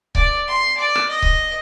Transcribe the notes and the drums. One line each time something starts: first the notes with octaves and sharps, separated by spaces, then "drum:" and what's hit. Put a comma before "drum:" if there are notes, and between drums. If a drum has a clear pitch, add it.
D5, drum: kick C#1
C6
D5
drum: rim click
D#5
drum: kick C#1